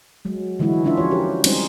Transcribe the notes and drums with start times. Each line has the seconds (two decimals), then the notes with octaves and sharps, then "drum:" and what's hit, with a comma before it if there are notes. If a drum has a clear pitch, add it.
0.25 F#3 G#3
0.59 D3 E3 F#3 G#3 E4 F#4
0.85 G#3 C#4 D4 F4 E5
0.97 F3 C#4 F#4 C#5
1.11 G4 A#4
1.44 G3 G#3 C4 C#4 D#4 C5, drum: cymbal